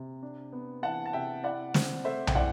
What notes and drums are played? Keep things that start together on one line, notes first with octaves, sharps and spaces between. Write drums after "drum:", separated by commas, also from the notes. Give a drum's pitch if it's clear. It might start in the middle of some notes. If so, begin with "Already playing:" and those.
Already playing: C3
D4
B3
E3 F#5 A5
A5
C3 E5 G5
E4 D5 F#5
C4, drum: snare
A3 C5 E5
G5, drum: tom B1
E3 D5 F#5